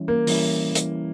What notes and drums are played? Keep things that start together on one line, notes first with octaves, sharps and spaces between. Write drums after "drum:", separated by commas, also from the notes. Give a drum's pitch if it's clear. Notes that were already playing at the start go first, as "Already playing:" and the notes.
Already playing: E3 G3 C#4 E4
A#3
E3 G3 C#4 E4, drum: open hi-hat
drum: hi-hat